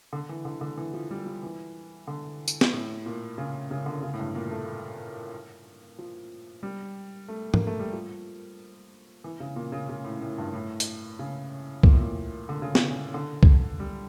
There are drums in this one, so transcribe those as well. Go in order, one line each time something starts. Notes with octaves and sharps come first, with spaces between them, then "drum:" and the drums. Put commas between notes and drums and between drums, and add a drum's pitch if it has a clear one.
D3
E3
D3
D3
E3
F3
G3
F3
E3
D3
drum: tambourine
drum: snare
A2
A#2
C#3
C#3
D3
C#3
A2
G2
A#2
A3
F3
G3
A3
A#3, drum: tom
A3
G3
F3
E3
C#3
A#2
C#3
C#3
A2
A2
G2
A2
drum: hi-hat
C#3
A#2, drum: kick C2
A2
A#2
D3
C#3
A#2, drum: snare
C#3
D3
drum: kick C2
G3